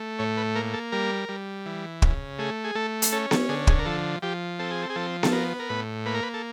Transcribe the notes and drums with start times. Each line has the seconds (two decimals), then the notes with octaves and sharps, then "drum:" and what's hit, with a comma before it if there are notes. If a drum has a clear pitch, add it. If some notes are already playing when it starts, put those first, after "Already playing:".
Already playing: A3
0.19 A2 C#5
0.37 B4
0.55 A#3 A#4
0.74 A4
0.92 G3 A#4
1.29 G3
1.66 E3
2.02 C#3, drum: kick
2.39 A3 G#4
2.64 G#4
2.75 A3 A4
3.02 drum: hi-hat
3.12 C#4 A4
3.31 A4, drum: snare B3
3.49 D3 G#4
3.67 G#4, drum: kick
3.79 A#4
3.85 F3 A4
4.22 F3 G4
4.59 C4 A4
4.71 G#4
4.82 A4
4.90 G#4
4.96 F3 A4
5.23 A4, drum: snare B3
5.33 B3 A#4
5.59 A#4
5.69 A2 B4
6.06 A#3 B4
6.15 A#4
6.23 B4
6.34 A4